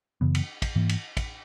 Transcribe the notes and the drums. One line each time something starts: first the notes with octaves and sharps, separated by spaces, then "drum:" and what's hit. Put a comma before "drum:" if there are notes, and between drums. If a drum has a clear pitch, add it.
F#2 C#3 E3 B3
drum: cymbal
drum: kick, cymbal
G#2 E3 A#3
drum: cymbal
drum: kick, cymbal